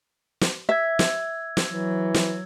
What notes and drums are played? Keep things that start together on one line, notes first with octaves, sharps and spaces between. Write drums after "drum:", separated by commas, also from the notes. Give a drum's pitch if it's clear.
drum: snare
E5 E6 G#6
drum: snare
drum: snare
E3 F#3
drum: snare